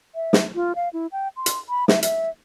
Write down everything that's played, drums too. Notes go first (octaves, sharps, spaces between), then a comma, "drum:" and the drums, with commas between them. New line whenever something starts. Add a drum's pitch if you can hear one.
E5
drum: snare
F4
F5
E4
G5
C6
drum: hi-hat
B5
E5, drum: snare
E5, drum: hi-hat